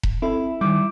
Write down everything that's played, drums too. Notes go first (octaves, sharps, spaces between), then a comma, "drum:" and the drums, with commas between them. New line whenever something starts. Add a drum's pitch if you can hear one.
drum: kick E1
C4 E4 A4
D#3 G3 D6 G6